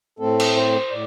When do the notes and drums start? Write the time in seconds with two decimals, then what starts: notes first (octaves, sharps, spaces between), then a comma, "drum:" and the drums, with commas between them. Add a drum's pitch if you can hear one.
0.19 A2 A3 C4 A4
0.40 drum: cymbal
0.55 C5
0.91 A2 D5